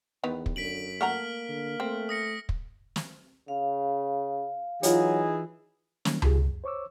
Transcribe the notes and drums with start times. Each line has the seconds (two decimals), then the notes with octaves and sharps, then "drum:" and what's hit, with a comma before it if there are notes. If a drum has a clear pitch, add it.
0.24 E2 D#3 B3 B4
0.46 drum: kick
0.56 F#2 D3 B6 D7 F#7
1.01 A3 A#3 F#5 A#5 F6
1.49 D3
1.80 A3 C4
2.09 D#6 A#6 C#7
2.49 drum: kick
2.96 drum: snare
3.48 C#3 F5
4.83 E3 F#3 D#4 F4 G#4 C#5, drum: hi-hat
6.05 D#3 F#3 G3 A#3 C#4, drum: snare
6.22 C#3 F4 G4 G#4, drum: tom C#2
6.45 F#2
6.64 C5 C#5 C#6 D6 E6